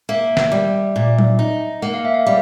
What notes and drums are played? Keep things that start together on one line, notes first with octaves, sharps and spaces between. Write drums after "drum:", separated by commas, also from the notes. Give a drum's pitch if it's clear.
A#3 E5
drum: snare
G3
A#2
drum: tom F#3
D#4
A#3 F#5
F5
E5
F5
G3